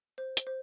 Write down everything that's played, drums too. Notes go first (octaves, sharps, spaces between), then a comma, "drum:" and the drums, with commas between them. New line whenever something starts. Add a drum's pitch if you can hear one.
C5
drum: hi-hat
C5